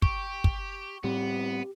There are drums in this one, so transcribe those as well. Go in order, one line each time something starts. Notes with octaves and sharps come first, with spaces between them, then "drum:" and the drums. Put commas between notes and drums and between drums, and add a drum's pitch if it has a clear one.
G4 C#6, drum: kick
drum: kick
A2 G3 B3 C4 G4